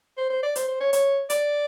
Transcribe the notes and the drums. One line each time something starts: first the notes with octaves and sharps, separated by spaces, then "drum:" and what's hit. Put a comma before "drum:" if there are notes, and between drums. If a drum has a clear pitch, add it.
C5
C5
D5
C5, drum: hi-hat
C5
C#5
C#5, drum: hi-hat
D5, drum: hi-hat